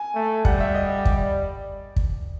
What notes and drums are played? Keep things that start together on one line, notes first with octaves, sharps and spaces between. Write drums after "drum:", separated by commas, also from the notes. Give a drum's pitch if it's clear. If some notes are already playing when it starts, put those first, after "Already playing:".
Already playing: G#5
A3
G3 F#5, drum: kick
E5
D#5
D5, drum: kick
drum: kick